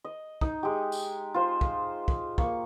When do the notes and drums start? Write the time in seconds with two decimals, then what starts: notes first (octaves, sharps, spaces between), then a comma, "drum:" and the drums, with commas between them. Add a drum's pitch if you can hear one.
0.04 D#5
0.41 D#4, drum: kick
0.63 G#3 G4
0.92 drum: tambourine
1.34 F4 C5
1.61 drum: kick
2.08 drum: kick
2.38 A#3 C#6, drum: kick